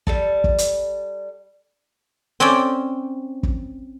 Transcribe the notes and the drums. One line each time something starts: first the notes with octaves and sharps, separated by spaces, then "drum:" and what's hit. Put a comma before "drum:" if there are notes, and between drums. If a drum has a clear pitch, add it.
G3 A4 A5, drum: kick
drum: kick
drum: hi-hat
C4 C#4 D5 G5
drum: kick